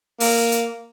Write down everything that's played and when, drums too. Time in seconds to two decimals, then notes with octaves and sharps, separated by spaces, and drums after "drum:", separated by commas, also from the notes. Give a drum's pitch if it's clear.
0.20 A#3, drum: open hi-hat
0.52 drum: hi-hat